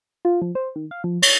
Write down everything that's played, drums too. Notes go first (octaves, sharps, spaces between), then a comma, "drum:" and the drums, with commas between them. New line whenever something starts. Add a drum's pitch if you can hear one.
F4
F3
C5
D#3
F5
F3
C#5, drum: cymbal